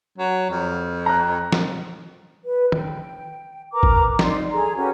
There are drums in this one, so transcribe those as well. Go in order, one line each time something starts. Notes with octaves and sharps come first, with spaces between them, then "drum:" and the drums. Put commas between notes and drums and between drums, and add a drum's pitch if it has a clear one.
F#3
F2
A#5 F#6
drum: snare
B4
G5, drum: tom
A#4 B4 A#5 D6
drum: kick
D#4 D5 C6, drum: snare
G#4 A4 A#5
C#4 F#4 G4 B4